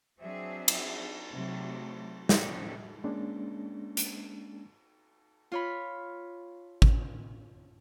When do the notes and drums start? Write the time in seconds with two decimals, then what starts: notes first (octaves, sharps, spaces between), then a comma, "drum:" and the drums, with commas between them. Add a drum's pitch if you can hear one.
0.19 F#3 C4 D4 G#4 E5
0.68 drum: cymbal
1.32 C3 F#3 A3
2.29 F3 A#3 C#4 D4 G4 A4, drum: snare
3.04 G#3 A#3 C#4 D4
3.97 drum: hi-hat
5.52 F4 C#5 B5
6.82 drum: kick G#1